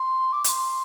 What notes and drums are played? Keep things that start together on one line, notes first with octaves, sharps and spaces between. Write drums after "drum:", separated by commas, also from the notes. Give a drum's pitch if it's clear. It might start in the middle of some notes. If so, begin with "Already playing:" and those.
Already playing: C6
D6
D6, drum: hi-hat
C6